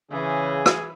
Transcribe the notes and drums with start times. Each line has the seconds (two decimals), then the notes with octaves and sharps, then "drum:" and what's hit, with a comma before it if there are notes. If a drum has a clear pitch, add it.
0.11 C#3 E3 G#4
0.66 drum: rim click